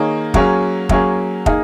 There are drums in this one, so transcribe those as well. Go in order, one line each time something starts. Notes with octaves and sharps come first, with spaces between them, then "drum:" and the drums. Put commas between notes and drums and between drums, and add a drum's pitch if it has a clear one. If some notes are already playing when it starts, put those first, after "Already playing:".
Already playing: D#3 A#3 D#4 G#4 C#5
F#3 A#3 C#4 G#4, drum: kick
F#3 A#3 C#4 G#4, drum: kick
A#3 D#4 G#4, drum: kick